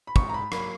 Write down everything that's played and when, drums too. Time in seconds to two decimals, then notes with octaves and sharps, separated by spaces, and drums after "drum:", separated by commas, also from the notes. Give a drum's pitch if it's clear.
0.07 B5
0.16 G#2 C#6, drum: kick
0.29 A#5
0.34 B5
0.52 F#3 A#3 B5, drum: rim click